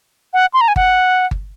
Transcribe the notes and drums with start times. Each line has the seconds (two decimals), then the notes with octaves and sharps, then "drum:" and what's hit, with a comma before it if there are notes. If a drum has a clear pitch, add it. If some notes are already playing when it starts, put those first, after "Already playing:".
0.33 F#5
0.54 C6
0.61 A#5
0.68 G#5
0.76 F#5, drum: kick G1
1.31 drum: kick G1